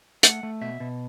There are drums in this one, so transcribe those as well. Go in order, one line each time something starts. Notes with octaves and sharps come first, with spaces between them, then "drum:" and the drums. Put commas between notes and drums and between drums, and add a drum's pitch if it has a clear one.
A3 F#5, drum: hi-hat
A3
B2 E5
B2